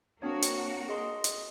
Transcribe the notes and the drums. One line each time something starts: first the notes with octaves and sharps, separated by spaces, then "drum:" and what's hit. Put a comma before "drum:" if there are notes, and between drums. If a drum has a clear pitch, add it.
A#3 C4 D4 F#4 A#4 C#5
drum: hi-hat
G#4 D#5 C6
drum: hi-hat